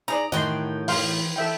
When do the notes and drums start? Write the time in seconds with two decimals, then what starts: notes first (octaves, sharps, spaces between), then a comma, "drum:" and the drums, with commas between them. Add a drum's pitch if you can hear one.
0.08 D#4 G#4 D5 A#5
0.32 A2 D#3 G4 D#5 F#5 G5 C6
0.88 E3 D#4 F5 C6, drum: open hi-hat
1.36 A4 E5 G5